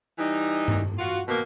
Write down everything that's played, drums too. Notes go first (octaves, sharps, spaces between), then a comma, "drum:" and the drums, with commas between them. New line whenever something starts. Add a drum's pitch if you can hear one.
E3 G3 D#4
drum: tom G2
F4 F#4
B2 D#3 A#3